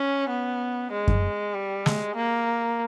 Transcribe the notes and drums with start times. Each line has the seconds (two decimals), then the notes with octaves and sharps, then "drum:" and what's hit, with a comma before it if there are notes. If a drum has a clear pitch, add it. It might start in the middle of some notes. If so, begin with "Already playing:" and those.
Already playing: C#4
0.29 B3
0.92 G#3
1.08 drum: kick F#2
1.55 G3
1.86 G#3, drum: snare
2.16 A#3